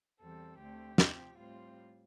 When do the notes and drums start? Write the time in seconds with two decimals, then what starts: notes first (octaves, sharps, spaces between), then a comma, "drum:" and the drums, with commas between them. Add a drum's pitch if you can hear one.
0.20 E2 E3 G3 C4 A4
0.59 D2 D3 A3 C4 G4
0.98 C3 F3 C4, drum: snare
1.38 A2 G3 C4 F4